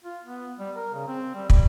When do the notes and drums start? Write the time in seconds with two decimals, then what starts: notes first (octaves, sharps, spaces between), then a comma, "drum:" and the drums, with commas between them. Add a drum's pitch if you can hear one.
0.04 F4
0.24 B3
0.59 G3
0.76 A#4
0.94 C#3
1.07 C4
1.35 G3
1.50 G3, drum: kick